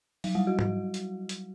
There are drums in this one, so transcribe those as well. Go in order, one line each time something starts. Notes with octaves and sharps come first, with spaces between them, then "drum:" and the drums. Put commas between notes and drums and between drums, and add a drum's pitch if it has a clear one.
F#3, drum: open hi-hat
G3
F#4
drum: tom G#2
drum: hi-hat
drum: hi-hat